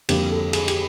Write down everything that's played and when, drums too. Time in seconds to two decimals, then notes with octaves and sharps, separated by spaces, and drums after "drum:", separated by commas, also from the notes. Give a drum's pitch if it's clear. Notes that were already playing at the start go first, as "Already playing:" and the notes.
0.09 F2 D3 G3 A#3 G4, drum: cymbal
0.31 A4
0.53 G#4, drum: cymbal
0.68 G4, drum: cymbal